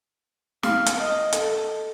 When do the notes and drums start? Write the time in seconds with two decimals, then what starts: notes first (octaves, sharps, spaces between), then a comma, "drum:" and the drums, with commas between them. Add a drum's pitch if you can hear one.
0.63 F5, drum: snare
0.86 drum: hi-hat
0.98 D#5
1.33 A4, drum: hi-hat